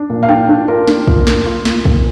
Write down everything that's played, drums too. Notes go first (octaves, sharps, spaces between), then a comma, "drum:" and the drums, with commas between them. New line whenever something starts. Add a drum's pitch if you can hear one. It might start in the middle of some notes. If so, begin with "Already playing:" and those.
Already playing: D4
A#2
F5
D4 G5
D4
F4 A#4
D4, drum: snare
F4, drum: kick
A#3, drum: snare
F4
F4, drum: snare
A#2, drum: kick